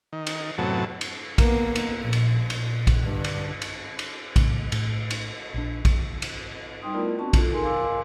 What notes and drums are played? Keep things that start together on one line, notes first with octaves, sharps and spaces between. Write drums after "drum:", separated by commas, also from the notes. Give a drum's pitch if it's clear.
D#3
drum: cymbal
F#2 A2 C3 F#3 B3 A5
drum: cymbal
A#3 B3, drum: kick A#1, cymbal
drum: cymbal
A#1 A#2
drum: cymbal
A#2
drum: cymbal
drum: kick A#1, cymbal
G2 D3
drum: cymbal
drum: cymbal
drum: cymbal
A2 C#3, drum: kick A#1, cymbal
A2, drum: cymbal
drum: cymbal
A#1 D4
drum: kick A#1, cymbal
drum: cymbal
G3 D#4 G5 C6 D#6
A3 B3 E4 F4 A#4 D5
B3 C4 D4 F#4 A5 C#6
F4 A4, drum: kick A#1, cymbal
D#4 G#4 A#4 G#5 C6
A#4 F5 G#5 C6 D6 E6